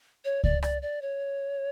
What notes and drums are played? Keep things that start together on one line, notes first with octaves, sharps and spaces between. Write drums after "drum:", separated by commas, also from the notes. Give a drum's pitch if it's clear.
C#5
D5, drum: kick C#2
D5, drum: rim click
D5
C#5